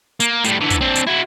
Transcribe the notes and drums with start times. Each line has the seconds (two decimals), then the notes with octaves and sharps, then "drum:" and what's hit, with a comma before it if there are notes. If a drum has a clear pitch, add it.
0.20 A#3, drum: hi-hat
0.44 A2 G3, drum: hi-hat
0.61 D3 E3
0.70 drum: kick, hi-hat
0.81 C4 D4
0.95 drum: hi-hat
1.07 E4 F#4